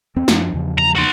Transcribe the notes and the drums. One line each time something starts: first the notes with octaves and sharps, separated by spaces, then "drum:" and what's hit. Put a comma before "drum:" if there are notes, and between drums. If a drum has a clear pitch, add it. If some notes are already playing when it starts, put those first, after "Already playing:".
E2 C4
F#2 F3 D4, drum: snare
E2 C#3 F3
A#5
F#4 C6